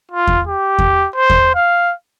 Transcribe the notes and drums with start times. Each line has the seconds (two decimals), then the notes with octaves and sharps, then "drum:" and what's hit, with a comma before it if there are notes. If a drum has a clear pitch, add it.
0.12 F4
0.27 drum: kick E2
0.47 G4
0.79 drum: kick E2
1.16 C5
1.30 drum: kick E2
1.55 F5